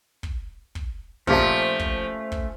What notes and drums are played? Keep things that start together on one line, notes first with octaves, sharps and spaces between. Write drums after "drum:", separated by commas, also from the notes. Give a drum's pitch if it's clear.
drum: kick
drum: kick
A#2 F3 A3 C#4 G4 E5 F6, drum: kick
drum: kick
drum: kick